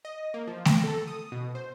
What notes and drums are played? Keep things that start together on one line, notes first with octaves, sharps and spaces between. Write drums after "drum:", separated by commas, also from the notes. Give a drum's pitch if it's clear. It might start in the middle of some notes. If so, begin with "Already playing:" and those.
D#5
A#3
F3
A#6, drum: snare A3
A4
D#6
B2
C5